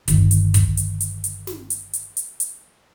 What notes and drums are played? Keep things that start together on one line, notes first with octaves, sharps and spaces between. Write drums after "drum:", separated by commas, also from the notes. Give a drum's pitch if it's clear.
G1 D#3, drum: kick, hi-hat
drum: hi-hat
drum: kick, hi-hat
drum: hi-hat
drum: hi-hat
drum: hi-hat
drum: snare
drum: hi-hat
drum: hi-hat
drum: hi-hat
drum: hi-hat